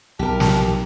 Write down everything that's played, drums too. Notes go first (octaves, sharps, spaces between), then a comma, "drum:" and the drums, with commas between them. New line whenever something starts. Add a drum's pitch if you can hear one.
B1 G4 A#4 A5
drum: snare